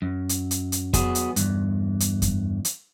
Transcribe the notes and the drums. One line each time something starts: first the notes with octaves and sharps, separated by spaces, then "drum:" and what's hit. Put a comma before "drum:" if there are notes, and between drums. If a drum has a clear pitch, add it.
F#2
drum: hi-hat
drum: hi-hat
drum: hi-hat
F#3 B3 G#4, drum: kick F2, hi-hat
drum: hi-hat
E2 G2, drum: hi-hat
drum: hi-hat
drum: kick F2, hi-hat
drum: hi-hat